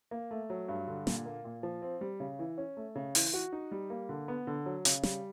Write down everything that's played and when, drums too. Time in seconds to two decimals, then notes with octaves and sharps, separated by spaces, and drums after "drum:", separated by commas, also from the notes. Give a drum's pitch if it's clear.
0.11 A#3
0.31 A3
0.50 F#3
0.69 G2
0.88 D3
1.07 A#2, drum: snare
1.26 A#3
1.45 A#2
1.63 F3
1.82 C4
2.01 G3
2.20 C#3
2.39 E3
2.58 C#4
2.77 A3
2.95 C#3
3.15 E3, drum: open hi-hat
3.34 F#4
3.52 D#4
3.71 G3
3.90 A#3
4.09 D3
4.28 B3
4.47 D3
4.66 F#3
4.85 C#3, drum: hi-hat
5.03 G3, drum: snare